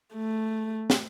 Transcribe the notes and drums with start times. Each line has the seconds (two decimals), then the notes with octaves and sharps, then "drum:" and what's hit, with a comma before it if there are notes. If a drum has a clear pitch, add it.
0.15 A3
0.90 drum: snare